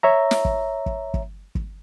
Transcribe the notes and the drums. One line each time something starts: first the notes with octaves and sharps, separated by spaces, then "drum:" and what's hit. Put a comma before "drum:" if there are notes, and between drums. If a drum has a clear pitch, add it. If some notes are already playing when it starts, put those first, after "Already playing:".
C#5 E5 A#5
drum: snare
drum: kick
drum: kick
drum: kick
drum: kick